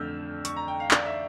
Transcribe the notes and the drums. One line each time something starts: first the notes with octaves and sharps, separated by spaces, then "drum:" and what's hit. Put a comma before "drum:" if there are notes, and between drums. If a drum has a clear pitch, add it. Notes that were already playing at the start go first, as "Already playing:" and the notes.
Already playing: F2 D3 A3 D4 E6 F6 G6
C#6, drum: hi-hat
A#5
G5
F5
D5, drum: clap
E5